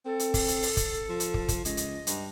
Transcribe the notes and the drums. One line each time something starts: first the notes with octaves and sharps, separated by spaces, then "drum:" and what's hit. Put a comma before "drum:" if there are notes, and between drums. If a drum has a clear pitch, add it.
C4 A4
drum: hi-hat
drum: kick, open hi-hat
drum: hi-hat
drum: open hi-hat
drum: kick, hi-hat
F3
drum: hi-hat
drum: kick
drum: kick, hi-hat
C#2 D#5, drum: hi-hat
drum: hi-hat
G2, drum: hi-hat